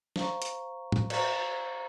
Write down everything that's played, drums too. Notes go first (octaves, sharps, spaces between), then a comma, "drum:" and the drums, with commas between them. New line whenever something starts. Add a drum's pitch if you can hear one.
C5 F5 A#5 C#6, drum: snare
drum: hi-hat
drum: tom
C5 F5 A#5 C#6, drum: cymbal